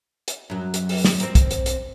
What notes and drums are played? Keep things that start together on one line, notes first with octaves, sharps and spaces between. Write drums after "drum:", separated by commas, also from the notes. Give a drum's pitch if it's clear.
drum: hi-hat
F#2 F#3
drum: hi-hat
drum: open hi-hat
drum: snare
C4 A#4, drum: hi-hat
drum: kick, hi-hat
drum: hi-hat
drum: hi-hat